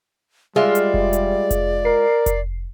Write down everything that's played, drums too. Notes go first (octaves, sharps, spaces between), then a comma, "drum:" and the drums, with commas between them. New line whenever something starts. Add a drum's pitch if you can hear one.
G3 G#3 F4 G#4 D5 E5
drum: hi-hat
drum: kick F1
drum: hi-hat
drum: kick F1, hi-hat
A#4 C7
drum: kick F1, hi-hat